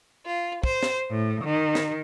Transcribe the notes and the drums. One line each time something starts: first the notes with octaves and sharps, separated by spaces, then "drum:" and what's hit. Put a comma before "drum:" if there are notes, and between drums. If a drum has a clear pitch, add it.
F4
C5, drum: kick
drum: snare
A2
D#3
drum: snare